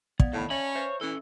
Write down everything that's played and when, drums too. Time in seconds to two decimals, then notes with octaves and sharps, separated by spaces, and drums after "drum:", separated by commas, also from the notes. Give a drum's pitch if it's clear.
0.20 B3 D5 F5, drum: kick
0.33 A2 D#3 F5 A5 B5
0.50 C#4 C#5 E5 B5
0.76 B4 C5 E5
1.01 E3 C#4 A4